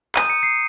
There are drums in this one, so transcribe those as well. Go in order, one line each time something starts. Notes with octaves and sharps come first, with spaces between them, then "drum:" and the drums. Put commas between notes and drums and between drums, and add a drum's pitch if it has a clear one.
A#5 D#6 G6 D#7, drum: clap
C#7
C7